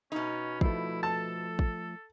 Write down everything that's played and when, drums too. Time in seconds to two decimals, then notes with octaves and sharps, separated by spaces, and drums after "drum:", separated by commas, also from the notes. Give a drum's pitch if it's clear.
0.12 B2 C#4 D#4
0.61 F3 A3 E4, drum: kick
1.03 A4 A5
1.59 drum: kick